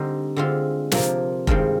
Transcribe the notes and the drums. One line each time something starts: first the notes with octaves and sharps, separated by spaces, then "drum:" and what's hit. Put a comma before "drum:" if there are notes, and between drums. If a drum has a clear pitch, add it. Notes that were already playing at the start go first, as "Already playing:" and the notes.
Already playing: D3 G3 C4 D#4 C5 D#5
D3 G#3 C4 F4
C3 F3 A#3 F4, drum: snare
G2 D#3 G#3 C4 F4, drum: kick F1